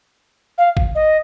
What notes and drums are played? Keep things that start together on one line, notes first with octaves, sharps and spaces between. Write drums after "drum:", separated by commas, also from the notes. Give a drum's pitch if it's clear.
F5
drum: kick
D#5